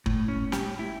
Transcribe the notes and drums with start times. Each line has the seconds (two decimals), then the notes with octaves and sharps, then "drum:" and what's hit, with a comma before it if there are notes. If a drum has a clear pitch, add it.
0.06 A2, drum: kick
0.28 C#4
0.52 G4, drum: snare
0.79 E4